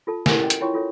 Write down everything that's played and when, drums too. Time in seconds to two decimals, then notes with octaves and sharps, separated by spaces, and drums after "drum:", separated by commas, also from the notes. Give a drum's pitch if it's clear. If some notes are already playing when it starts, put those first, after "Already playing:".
0.07 F4 A4 A5
0.26 E4 G4 A4 A#4 F#5 G#5, drum: snare
0.39 C#4 D#5 G5
0.50 drum: hi-hat
0.61 E4 F4 C#5 G5 C6 C#6
0.74 F4 A4 C#5 E5